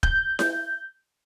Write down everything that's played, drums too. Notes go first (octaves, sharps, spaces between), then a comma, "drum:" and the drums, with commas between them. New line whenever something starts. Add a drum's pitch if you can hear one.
G6, drum: kick
drum: snare E4